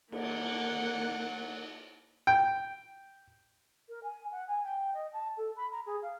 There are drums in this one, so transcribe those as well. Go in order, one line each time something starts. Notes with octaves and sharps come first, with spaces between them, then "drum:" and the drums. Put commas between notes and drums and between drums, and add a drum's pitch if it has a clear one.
A#3 F#5, drum: cymbal
G5
A#4
G#5
F#5
G#5
G5
D#5
A5
A4
B5
A#5
G#4
F5